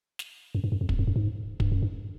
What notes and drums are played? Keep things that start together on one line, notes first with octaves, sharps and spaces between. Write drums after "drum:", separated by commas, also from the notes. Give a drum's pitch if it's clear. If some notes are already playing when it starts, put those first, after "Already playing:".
drum: snare
F#2
G2
F#2
F2
E2, drum: kick
F2
F#2
G#2
G2, drum: kick
F#2
G2